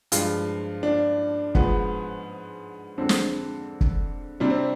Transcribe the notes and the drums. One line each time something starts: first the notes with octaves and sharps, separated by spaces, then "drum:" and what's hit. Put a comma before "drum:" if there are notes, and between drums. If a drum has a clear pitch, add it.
G2 F3 G#3 F4, drum: hi-hat
D4
G#2 F3 G#3 B3, drum: kick
F2 D3 G#3 C4
drum: snare
drum: kick
C3 G3 D4
C4